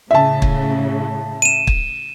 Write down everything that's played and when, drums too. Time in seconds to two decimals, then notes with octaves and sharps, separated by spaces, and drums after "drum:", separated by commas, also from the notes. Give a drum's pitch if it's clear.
0.11 A2 C#3 E5 A5
0.42 drum: kick
1.42 D#7 E7
1.67 drum: kick